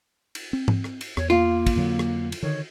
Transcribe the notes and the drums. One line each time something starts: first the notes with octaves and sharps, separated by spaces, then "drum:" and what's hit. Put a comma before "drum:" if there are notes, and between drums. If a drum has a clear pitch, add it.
drum: cymbal
C4
drum: tom G#2
drum: rim click
drum: cymbal
E2 C#5, drum: rim click
A#3 F4
drum: kick, cymbal
F2 D3 F#3
drum: rim click
drum: cymbal
D3 D#3 C#5